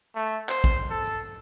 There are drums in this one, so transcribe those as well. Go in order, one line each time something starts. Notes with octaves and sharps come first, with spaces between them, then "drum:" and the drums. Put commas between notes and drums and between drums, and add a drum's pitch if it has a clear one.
A3
C5, drum: clap
drum: kick
A4
drum: tambourine